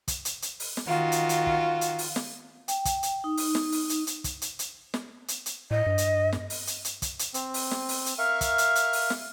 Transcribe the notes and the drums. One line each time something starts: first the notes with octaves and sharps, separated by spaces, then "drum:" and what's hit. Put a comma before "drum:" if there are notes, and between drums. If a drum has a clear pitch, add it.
drum: kick, hi-hat
drum: hi-hat
drum: hi-hat
drum: open hi-hat
drum: snare
D#3 F4 F#4
drum: hi-hat
drum: hi-hat
drum: kick
drum: hi-hat
drum: open hi-hat
drum: snare
G5, drum: hi-hat
drum: kick, hi-hat
drum: hi-hat
D#4
drum: open hi-hat
drum: snare
drum: open hi-hat
drum: hi-hat
drum: hi-hat
drum: kick, hi-hat
drum: hi-hat
drum: hi-hat
drum: snare
drum: hi-hat
drum: hi-hat
A2 D#5
G2
drum: hi-hat
drum: snare
drum: open hi-hat
drum: hi-hat
drum: hi-hat
drum: kick, hi-hat
drum: hi-hat
C4, drum: hi-hat
drum: open hi-hat
drum: snare
drum: open hi-hat
drum: hi-hat
A#4 E5 F5 C#6
drum: kick, hi-hat
drum: hi-hat
drum: hi-hat
drum: open hi-hat
drum: snare